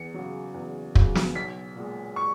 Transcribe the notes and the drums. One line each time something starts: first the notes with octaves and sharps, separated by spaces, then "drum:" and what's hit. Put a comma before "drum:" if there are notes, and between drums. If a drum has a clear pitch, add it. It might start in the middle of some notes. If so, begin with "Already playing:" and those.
Already playing: E2 C#7
C#3 F#3
E2
C#3 F#3, drum: kick
drum: snare
B1 B6
A#2 G#3
C#6